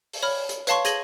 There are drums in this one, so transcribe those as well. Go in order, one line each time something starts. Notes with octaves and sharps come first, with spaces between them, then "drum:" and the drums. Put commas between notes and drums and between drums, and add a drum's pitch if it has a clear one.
drum: open hi-hat
C#5 B5 F6
drum: hi-hat
B4 C#5 F5 A5 C6 C#6, drum: hi-hat
G#4 G#6 A#6 D#7 F#7 G7, drum: hi-hat